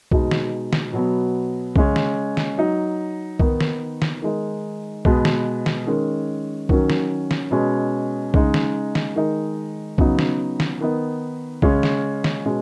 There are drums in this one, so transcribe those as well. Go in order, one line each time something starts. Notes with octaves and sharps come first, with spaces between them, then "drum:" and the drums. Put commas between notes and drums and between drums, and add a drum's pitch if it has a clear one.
B2 G#3 D#4, drum: kick C2
drum: snare
drum: snare
B2 F#3 B3
C#3 G#3 C#4, drum: kick C2
drum: snare
drum: snare
F#3 D#4
D#3 B3 D#4, drum: kick C2
drum: snare
drum: snare
D#3 G#3 D#4
B2 G#3 B3, drum: kick C2
drum: snare
drum: snare
D#3 G#3 C#4
D#3 F#3 C#4, drum: kick C2
drum: snare
drum: snare
B2 G#3 C#4
C#3 G#3 D#4, drum: kick C2
drum: snare
drum: snare
D#3 G#3 D#4
C#3 F#3 B3 D#4, drum: kick C2
drum: snare
drum: snare
D#3 B3 D#4
C#3 G#3 C#4, drum: kick C2
drum: snare
drum: snare
B2 G#3 C#4